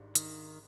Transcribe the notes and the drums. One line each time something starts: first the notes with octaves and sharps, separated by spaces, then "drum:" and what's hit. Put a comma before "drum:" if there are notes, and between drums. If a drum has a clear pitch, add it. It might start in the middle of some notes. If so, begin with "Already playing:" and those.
Already playing: G#1 G#2 G3 D4
D#3, drum: hi-hat